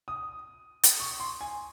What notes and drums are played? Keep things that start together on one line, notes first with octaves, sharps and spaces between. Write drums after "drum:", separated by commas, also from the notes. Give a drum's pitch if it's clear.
D#6
drum: hi-hat
C#6
C6
G#5